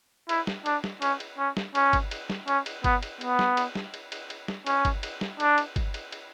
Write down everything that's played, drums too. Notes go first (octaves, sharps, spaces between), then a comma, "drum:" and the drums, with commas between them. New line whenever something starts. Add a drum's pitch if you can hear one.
E4, drum: cymbal
drum: snare
D4, drum: cymbal
drum: snare
C#4, drum: cymbal
drum: cymbal
C#4
drum: snare
C#4, drum: cymbal
drum: kick G1, cymbal
drum: cymbal
drum: snare
C#4, drum: cymbal
drum: cymbal
B3, drum: kick G1, cymbal
drum: cymbal
B3, drum: cymbal
drum: snare
drum: cymbal
drum: snare
drum: cymbal
drum: cymbal
drum: cymbal
drum: snare
C#4, drum: cymbal
drum: kick G1, cymbal
drum: cymbal
drum: snare
D4, drum: cymbal
drum: cymbal
drum: kick G1, cymbal
drum: cymbal
drum: cymbal